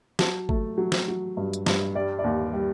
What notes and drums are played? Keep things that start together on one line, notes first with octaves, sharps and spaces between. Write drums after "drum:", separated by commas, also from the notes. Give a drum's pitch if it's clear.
F#3 A5, drum: snare
A3, drum: kick
F#3
drum: snare
F#3
G2
drum: hi-hat
G2, drum: snare
G3 D5
D5
D#2
G3